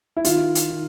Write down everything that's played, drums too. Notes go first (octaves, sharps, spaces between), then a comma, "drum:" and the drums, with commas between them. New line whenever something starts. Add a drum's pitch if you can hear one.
E4
D#3 F4, drum: hi-hat
drum: hi-hat
D#3